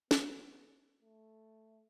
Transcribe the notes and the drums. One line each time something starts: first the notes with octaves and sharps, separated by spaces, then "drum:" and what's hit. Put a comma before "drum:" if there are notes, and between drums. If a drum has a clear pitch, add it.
B3, drum: snare
A3